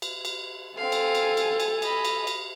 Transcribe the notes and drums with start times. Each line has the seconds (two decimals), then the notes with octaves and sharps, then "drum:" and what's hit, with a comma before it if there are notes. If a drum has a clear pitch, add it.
0.02 drum: cymbal
0.25 drum: cymbal
0.78 C4 A4 F5 G#5
0.92 drum: cymbal
1.15 drum: cymbal
1.37 drum: cymbal
1.60 drum: cymbal
1.82 D#5 B5, drum: cymbal
2.05 drum: cymbal
2.27 drum: cymbal